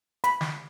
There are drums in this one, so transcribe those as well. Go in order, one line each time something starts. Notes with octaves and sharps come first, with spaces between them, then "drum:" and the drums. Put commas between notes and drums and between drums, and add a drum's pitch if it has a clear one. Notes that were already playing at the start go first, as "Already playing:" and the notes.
B5, drum: hi-hat
drum: snare